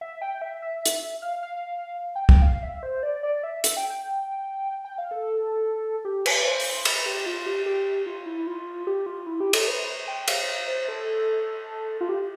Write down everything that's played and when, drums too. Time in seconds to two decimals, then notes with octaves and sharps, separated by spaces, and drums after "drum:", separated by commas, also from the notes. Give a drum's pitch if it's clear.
0.01 E5
0.21 G5
0.42 E5
0.62 E5
0.85 drum: hi-hat
1.22 F5
1.43 F5
2.15 G5
2.29 G5, drum: kick
2.42 F5
2.63 E5
2.83 C5
3.03 D5
3.23 D5
3.43 E5
3.64 E5, drum: hi-hat
3.77 G5
3.90 G5
4.85 G5
4.98 F5
5.11 A4
6.05 G4
6.26 B4, drum: cymbal
6.45 C5
6.60 drum: open hi-hat
6.85 B4, drum: cymbal
7.06 G4
7.26 F4
7.46 G4
7.66 G4
8.06 F4
8.26 E4
8.47 F4
8.87 G4
9.06 F4
9.27 E4
9.40 G4
9.53 A4, drum: cymbal
9.68 B4
10.08 G5
10.28 F5, drum: cymbal
10.68 C5
10.88 A4
12.01 F4
12.09 G4